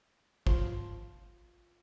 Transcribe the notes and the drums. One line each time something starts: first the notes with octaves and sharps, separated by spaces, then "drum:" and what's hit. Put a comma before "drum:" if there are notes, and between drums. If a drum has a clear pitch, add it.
F3, drum: kick